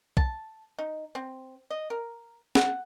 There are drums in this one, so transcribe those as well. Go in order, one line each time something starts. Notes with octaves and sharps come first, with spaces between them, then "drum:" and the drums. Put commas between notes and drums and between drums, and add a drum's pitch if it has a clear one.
A5, drum: kick
D#4
C4
D#5
A#4
F#5, drum: snare